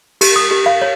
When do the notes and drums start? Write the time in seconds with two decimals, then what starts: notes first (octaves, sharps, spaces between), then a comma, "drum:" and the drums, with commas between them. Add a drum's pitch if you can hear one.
0.21 G4, drum: cymbal
0.36 D#6
0.51 G4
0.66 F5
0.82 C#5